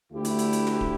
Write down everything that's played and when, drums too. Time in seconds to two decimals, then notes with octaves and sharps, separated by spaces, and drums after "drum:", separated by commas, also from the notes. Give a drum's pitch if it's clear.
0.10 D2 D3 A3 E4 G4
0.25 drum: hi-hat
0.39 drum: hi-hat
0.53 drum: hi-hat
0.67 drum: snare
0.81 drum: kick